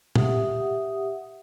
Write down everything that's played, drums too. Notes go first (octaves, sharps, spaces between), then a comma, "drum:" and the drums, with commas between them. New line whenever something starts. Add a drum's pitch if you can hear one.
G4 E5 F#5 D#6, drum: tom